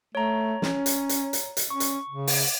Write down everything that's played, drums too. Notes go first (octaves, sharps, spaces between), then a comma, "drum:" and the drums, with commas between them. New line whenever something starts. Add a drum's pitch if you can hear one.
A3 C#5 A#5
C#4, drum: snare
drum: hi-hat
drum: hi-hat
drum: hi-hat
drum: hi-hat
C#4 C#6
drum: hi-hat
C#3
drum: open hi-hat